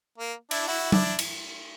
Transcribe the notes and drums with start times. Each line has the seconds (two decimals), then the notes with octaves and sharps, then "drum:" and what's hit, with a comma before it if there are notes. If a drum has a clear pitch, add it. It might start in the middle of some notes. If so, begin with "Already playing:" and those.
0.18 A#3
0.51 D4 E4, drum: cymbal
0.67 E4 F#4, drum: open hi-hat
0.92 D4 E4, drum: tom F#3
1.19 drum: cymbal